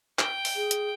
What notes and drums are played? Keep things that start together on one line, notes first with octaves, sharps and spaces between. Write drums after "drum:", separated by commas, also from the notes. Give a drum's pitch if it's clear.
G5, drum: clap
drum: open hi-hat
G#4
drum: hi-hat